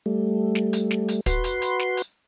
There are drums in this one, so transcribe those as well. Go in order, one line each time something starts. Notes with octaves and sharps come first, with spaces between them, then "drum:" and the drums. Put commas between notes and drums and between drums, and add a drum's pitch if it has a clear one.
G3 A3
drum: snare
drum: hi-hat
drum: snare
drum: hi-hat
F#4 B4 C6, drum: kick, hi-hat
drum: hi-hat
drum: hi-hat
drum: snare
drum: hi-hat